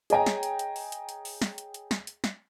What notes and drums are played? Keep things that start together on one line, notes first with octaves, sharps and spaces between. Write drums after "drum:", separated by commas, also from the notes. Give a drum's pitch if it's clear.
G#4 C#5 D#5 G5 G#5 A#5, drum: hi-hat
drum: snare
drum: hi-hat
drum: hi-hat
drum: open hi-hat
drum: hi-hat
drum: hi-hat
drum: open hi-hat
drum: snare
drum: hi-hat
drum: hi-hat
drum: snare
drum: hi-hat
drum: snare